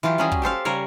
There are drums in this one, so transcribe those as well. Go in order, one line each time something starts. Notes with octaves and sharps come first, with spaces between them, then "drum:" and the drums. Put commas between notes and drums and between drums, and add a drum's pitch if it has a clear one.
E3 F#3 F4 G4
F#3 G3 C#4 F#4 G#4
drum: kick
G4 A4 C5 F5
C#3 G3 A#4 C#5